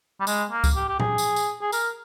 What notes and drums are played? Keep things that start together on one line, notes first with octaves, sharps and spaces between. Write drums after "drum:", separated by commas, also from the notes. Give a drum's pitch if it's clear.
G3
G#3, drum: tambourine
A#3
drum: kick C#2, tambourine
G4
G4
G#4, drum: tom A#2
drum: tambourine
drum: tambourine
G#4
A#4, drum: tambourine